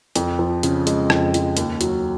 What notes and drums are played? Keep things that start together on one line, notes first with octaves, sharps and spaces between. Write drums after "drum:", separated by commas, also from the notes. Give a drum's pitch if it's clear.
F2, drum: hi-hat
F3
C#3, drum: hi-hat
G#3, drum: hi-hat
F2, drum: rim click
F3, drum: hi-hat
D#2, drum: hi-hat
F#3, drum: hi-hat